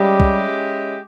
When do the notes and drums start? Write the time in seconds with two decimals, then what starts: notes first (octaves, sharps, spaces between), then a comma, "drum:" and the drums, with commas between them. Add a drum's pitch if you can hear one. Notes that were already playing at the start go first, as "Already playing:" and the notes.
Already playing: G3 G#3 C#4 E4 G4
0.20 drum: kick